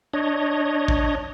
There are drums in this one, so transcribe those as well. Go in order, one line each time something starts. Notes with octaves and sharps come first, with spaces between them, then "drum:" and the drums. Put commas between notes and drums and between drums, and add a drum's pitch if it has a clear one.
D4 C#5 D#5
drum: kick A1